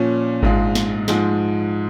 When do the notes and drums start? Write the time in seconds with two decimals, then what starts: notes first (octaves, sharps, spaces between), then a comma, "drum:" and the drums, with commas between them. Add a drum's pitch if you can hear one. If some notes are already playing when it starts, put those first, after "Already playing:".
Already playing: A#2 F3 C#4
0.42 A#1 G#2 G#3 F4, drum: kick G#1
0.75 drum: snare
1.08 G#2 F3 G#3, drum: snare